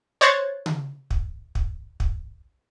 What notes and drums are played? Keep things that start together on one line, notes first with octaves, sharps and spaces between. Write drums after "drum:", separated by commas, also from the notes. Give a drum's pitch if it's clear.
C5 C#5 F#6 G#6 A6
drum: tom C#3
drum: kick
drum: kick
drum: kick